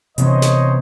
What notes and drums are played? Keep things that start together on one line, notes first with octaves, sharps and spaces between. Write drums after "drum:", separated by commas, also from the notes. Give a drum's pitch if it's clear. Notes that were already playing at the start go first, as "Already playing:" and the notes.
C3 E3 B3 C5 C#5 D#5, drum: hi-hat
drum: snare